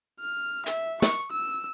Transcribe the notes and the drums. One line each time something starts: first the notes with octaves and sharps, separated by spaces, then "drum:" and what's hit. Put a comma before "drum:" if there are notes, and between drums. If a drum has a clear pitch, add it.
F6
E5, drum: hi-hat
C#6, drum: snare
E6